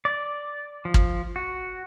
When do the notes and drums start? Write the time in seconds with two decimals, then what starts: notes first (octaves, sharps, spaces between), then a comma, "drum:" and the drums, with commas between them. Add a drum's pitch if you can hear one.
0.05 D5
0.85 F3
0.94 drum: kick
1.36 F#4